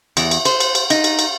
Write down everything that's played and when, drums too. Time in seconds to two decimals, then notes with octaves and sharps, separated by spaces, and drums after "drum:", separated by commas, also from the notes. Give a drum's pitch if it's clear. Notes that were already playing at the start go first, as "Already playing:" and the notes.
0.17 E2, drum: cymbal
0.31 drum: cymbal
0.45 C5, drum: cymbal
0.60 drum: cymbal
0.75 drum: cymbal
0.90 D#4, drum: cymbal
1.04 drum: cymbal
1.19 drum: cymbal